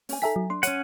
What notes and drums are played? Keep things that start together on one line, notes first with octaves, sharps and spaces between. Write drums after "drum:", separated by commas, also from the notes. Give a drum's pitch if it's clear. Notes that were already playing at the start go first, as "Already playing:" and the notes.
C#4 G#5, drum: open hi-hat
D#4 A4 E5 G#5 A#5 B6
F#3
D4 C6
C#4 C#5 F#5 D#7, drum: hi-hat